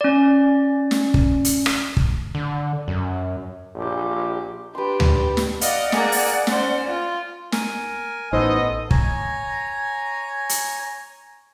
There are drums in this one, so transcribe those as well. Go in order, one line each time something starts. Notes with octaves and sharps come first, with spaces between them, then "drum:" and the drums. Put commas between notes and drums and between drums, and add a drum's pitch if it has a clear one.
C#4 D5
drum: snare
drum: kick
drum: hi-hat
drum: rim click
drum: kick
D3
F#2
A#1 G4
D4 G4 B4 C6
drum: tom D2
drum: snare
D5 D#5 F5 F#5, drum: hi-hat
A#3 G#4, drum: snare
drum: open hi-hat
C#4 C5, drum: snare
F4
A#4 G#5, drum: snare
A1 B3 D#4 A4 C5 D#5 D#6
C#5 G#5 A#5, drum: kick
drum: hi-hat